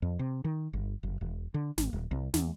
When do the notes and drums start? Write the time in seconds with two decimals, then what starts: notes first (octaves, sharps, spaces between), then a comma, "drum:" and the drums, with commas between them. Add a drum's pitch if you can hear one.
0.02 F2
0.19 C3
0.45 D#3
0.73 G1
1.03 F#1
1.21 E1
1.54 D3
1.78 G#1, drum: snare
1.93 D#1
2.11 C2
2.34 E2, drum: snare